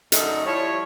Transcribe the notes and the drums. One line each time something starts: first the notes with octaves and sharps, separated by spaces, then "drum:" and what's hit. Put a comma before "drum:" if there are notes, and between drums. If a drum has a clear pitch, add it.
F#2 D3 A3 D#4, drum: hi-hat
F3 G3 E4 C#5